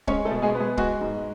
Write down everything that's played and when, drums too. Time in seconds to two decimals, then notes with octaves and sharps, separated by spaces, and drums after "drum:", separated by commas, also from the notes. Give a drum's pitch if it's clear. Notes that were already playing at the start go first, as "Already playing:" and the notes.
0.07 G#3 C#4 C#5, drum: kick
0.25 A3 A4
0.31 B2
0.42 G#3 G#4
0.55 B3
0.60 G#3 G#4
0.77 G#3 F#4, drum: kick
1.01 G#2